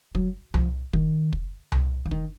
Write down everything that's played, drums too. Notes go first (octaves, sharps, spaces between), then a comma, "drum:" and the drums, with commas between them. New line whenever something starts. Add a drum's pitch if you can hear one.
F#3, drum: kick
F3, drum: tom C2
D#3, drum: kick
drum: kick
drum: tom C2
E3
D#3, drum: kick